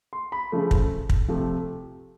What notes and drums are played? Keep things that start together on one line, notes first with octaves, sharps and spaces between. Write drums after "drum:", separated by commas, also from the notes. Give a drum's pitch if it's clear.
C6
B5
C#3 F3 A3
drum: kick
drum: kick
C3 F3 A3